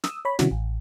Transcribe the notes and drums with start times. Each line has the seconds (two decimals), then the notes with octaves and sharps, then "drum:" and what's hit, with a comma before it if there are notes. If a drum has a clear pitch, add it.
0.04 D#6 E6, drum: snare
0.25 C#5 B5
0.39 C3 D#3 G3 C#4 E4 F#4, drum: snare
0.51 A1